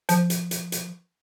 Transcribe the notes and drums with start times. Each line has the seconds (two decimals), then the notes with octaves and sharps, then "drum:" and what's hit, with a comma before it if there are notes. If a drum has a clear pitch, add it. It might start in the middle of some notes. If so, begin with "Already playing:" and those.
0.09 F3, drum: hi-hat
0.30 drum: hi-hat
0.51 drum: hi-hat
0.72 drum: hi-hat